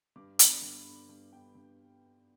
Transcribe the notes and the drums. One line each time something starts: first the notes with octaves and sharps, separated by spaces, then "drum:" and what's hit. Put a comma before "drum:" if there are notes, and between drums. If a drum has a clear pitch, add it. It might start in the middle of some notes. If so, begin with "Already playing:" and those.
G2 D6
D3 B3 B5, drum: hi-hat
G2
D3 B3
G2
D3 B3 G5
G2